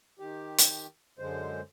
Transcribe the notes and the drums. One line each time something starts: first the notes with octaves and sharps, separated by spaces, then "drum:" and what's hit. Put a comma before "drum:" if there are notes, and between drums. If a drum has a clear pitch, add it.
D#3 G4
drum: hi-hat
F#2 D3 G#3 C5